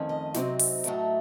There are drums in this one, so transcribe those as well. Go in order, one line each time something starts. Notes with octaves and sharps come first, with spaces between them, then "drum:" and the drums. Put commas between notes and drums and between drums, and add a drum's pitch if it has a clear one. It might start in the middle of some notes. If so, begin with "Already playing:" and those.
Already playing: F2 D#3 A3 C#4
D#5
C3 F#3 C4 D#4, drum: snare
drum: open hi-hat
A2 F#3 A3 D#4, drum: hi-hat